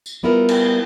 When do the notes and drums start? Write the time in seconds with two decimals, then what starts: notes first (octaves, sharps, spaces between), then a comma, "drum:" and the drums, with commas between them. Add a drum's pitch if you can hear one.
0.06 drum: tambourine
0.23 G3 B3 E4 F4 A#4
0.49 drum: cymbal